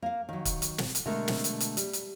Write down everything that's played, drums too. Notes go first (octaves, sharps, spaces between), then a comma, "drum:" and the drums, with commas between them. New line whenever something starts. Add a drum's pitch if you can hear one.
A#3 F5
D#3 F#3
drum: kick C#1, hi-hat
drum: hi-hat
drum: snare
drum: hi-hat
B2 D3 G#3 A3 A#4
drum: snare
drum: hi-hat
drum: hi-hat
G3, drum: hi-hat
drum: hi-hat